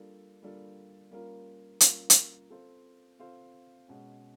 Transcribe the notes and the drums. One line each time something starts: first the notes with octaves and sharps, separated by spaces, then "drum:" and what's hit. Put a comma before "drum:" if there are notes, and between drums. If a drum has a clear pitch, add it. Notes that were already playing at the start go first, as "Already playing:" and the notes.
Already playing: G3 A#3 D4 F4 A4
G3 A#3 D4 F4 A4
G3 A#3 C#4 F4 A#4
G3 A#3 C#4 F4 A#4, drum: hi-hat
drum: hi-hat
C4 F4 A4 C5 F5
C4 F4 A4 C5 F5
B2 G#3 C#4